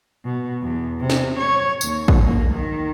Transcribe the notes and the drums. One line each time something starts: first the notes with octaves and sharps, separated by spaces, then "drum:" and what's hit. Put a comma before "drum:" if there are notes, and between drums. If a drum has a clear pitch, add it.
B2
E2
C3
drum: snare
C#5
D#2, drum: tambourine
drum: kick
A#3
D#3